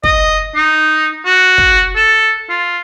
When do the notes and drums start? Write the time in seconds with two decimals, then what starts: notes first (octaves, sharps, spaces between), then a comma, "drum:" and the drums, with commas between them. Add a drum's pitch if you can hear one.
0.04 D#5, drum: kick
0.56 D#4
1.25 F#4
1.58 drum: kick
1.96 A4
2.49 F4